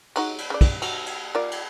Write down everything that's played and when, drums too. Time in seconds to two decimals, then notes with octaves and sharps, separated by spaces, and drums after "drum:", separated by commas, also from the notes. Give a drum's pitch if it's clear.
0.16 G#3 D#4 F#4, drum: cymbal
0.38 drum: cymbal
0.50 C#3 D5
0.61 drum: kick, cymbal
0.82 F#3, drum: cymbal
1.06 drum: cymbal
1.35 A#3 F4 D5
1.51 drum: cymbal